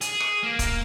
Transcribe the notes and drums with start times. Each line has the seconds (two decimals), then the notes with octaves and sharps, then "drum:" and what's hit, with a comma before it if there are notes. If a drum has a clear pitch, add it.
0.01 G#4, drum: hi-hat
0.20 drum: rim click
0.43 A#3
0.59 drum: kick, hi-hat